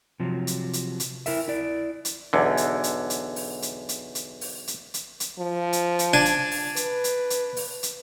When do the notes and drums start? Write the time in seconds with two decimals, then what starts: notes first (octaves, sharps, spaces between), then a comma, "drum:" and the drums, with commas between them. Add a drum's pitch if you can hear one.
0.20 C3 F3 F#3
0.47 drum: hi-hat
0.73 drum: hi-hat
1.00 drum: hi-hat
1.26 E4 A#4 E5, drum: open hi-hat
1.48 E4 D5
2.05 drum: hi-hat
2.33 B1 E2 D3
2.57 drum: hi-hat
2.84 drum: hi-hat
3.10 drum: hi-hat
3.36 drum: open hi-hat
3.62 drum: hi-hat
3.89 drum: hi-hat
4.15 drum: hi-hat
4.41 drum: open hi-hat
4.67 drum: hi-hat
4.94 drum: hi-hat
5.20 drum: hi-hat
5.39 F3
5.73 drum: hi-hat
5.99 drum: hi-hat
6.13 D4 G#5
6.25 drum: hi-hat
6.51 drum: open hi-hat
6.76 B4, drum: hi-hat
7.04 drum: hi-hat
7.30 drum: hi-hat
7.57 drum: open hi-hat
7.83 drum: hi-hat